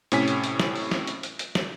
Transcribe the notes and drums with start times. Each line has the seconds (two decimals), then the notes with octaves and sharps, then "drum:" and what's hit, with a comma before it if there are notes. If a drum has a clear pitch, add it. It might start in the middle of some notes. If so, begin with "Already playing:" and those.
0.12 A2 C3 C#4 G#5 B6, drum: hi-hat
0.28 drum: hi-hat
0.44 drum: hi-hat
0.60 drum: snare
0.76 drum: open hi-hat
0.91 drum: snare
1.07 drum: hi-hat
1.23 drum: hi-hat
1.39 drum: hi-hat
1.55 drum: snare